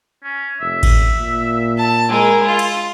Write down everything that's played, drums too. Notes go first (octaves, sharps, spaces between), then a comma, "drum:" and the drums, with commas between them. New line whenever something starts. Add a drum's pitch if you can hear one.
C#4
F1 E5
drum: kick A1, cymbal
A#2
A5
G#3 E4 A#4
F4
drum: cymbal